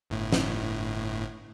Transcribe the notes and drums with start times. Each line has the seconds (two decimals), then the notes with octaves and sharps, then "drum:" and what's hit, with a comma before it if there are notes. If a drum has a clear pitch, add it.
0.10 G1 A2
0.32 drum: snare